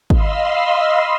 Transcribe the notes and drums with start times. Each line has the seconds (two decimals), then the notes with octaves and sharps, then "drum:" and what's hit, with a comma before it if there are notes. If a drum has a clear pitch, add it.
0.10 D#5 F5 B5 C6 E6, drum: kick G#1